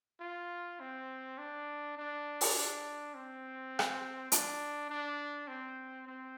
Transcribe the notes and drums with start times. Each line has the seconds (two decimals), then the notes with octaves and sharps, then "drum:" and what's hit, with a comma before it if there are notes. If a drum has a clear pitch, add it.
0.21 F4
0.80 C4
1.38 D4
1.97 D4
2.41 drum: open hi-hat
2.55 D4
3.15 C4
3.79 drum: rim click
4.32 D4, drum: hi-hat
4.90 D4
5.48 C4
6.07 C4